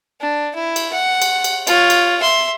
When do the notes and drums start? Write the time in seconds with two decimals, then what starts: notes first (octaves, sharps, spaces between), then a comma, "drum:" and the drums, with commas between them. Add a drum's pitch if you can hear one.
0.21 D4
0.55 E4
0.76 drum: cymbal
0.93 F#5
1.22 drum: cymbal
1.44 drum: cymbal
1.67 F4 C#5, drum: cymbal
1.90 drum: cymbal
2.20 E5 C6